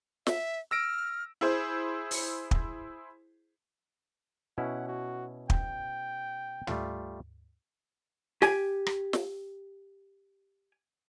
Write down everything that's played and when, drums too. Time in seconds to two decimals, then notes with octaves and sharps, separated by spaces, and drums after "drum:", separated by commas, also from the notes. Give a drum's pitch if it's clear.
0.27 E5, drum: snare
0.71 E6 F6 A#6 D7
1.41 E4 G#4 C5
2.11 drum: open hi-hat
2.51 drum: kick
4.58 B2 C#4 E4 F#5
4.88 F#4
5.50 G5, drum: kick
6.67 G3 A3 F4, drum: tom
8.42 G4 G#5, drum: snare
8.86 drum: rim click
9.13 drum: snare